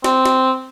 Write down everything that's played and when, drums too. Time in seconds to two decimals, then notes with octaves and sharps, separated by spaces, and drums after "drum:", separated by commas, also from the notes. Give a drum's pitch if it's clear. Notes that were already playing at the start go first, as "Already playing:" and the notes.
0.04 C4, drum: snare
0.25 drum: snare